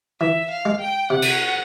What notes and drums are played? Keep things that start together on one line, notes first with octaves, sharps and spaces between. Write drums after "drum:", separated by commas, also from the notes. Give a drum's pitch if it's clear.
E3 E5
F5
G#3
G5
C3 F#5
drum: cymbal